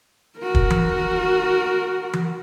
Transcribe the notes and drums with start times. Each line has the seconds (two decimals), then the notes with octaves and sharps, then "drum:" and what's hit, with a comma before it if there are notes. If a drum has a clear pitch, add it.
0.39 F#4 A#4
0.55 drum: kick
0.70 drum: tom E3
2.13 drum: tom E3